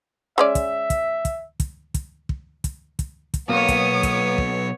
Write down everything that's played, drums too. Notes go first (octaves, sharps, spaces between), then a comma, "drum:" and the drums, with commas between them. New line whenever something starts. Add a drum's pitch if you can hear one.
G#3 C#4 D5 E5
drum: kick, hi-hat
drum: kick, hi-hat
drum: kick, hi-hat
drum: kick, hi-hat
drum: kick, hi-hat
drum: kick
drum: kick, hi-hat
drum: kick, hi-hat
drum: kick, hi-hat
B1 A#3 B3 C#5 D#6
drum: kick, hi-hat
drum: kick, hi-hat
drum: kick